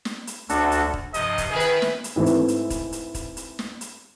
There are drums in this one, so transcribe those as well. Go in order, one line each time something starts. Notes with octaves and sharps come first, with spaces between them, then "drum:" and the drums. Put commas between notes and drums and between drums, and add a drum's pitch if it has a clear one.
drum: snare
drum: hi-hat
D2 D4 F#4 A4, drum: hi-hat
drum: hi-hat
drum: kick
G2 C3 F3 D#5, drum: hi-hat
drum: kick, hi-hat
D#3 E4 G#4 B4
drum: hi-hat
drum: snare
drum: hi-hat
G#2 E3 A3 C4
drum: hi-hat
drum: hi-hat
drum: kick, hi-hat
drum: hi-hat
drum: kick, hi-hat
drum: hi-hat
drum: snare
drum: hi-hat